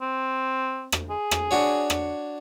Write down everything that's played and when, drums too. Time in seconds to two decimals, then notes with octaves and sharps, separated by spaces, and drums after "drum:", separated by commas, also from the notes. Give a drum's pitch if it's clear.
0.01 C4
0.92 drum: rim click
1.10 G#4
1.31 drum: rim click
1.51 D4 F#4 C#5
1.90 drum: rim click